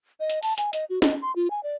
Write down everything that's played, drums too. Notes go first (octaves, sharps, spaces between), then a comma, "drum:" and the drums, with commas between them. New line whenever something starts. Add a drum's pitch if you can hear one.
D#5
drum: hi-hat
A5, drum: open hi-hat
G#5, drum: hi-hat
D#5, drum: hi-hat
F#4
D#5, drum: snare
C6
F4
G#5
D5